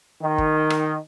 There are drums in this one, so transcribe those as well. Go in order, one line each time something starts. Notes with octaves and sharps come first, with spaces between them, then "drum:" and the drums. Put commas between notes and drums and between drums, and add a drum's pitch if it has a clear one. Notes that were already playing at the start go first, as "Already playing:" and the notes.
D#3
drum: kick
drum: rim click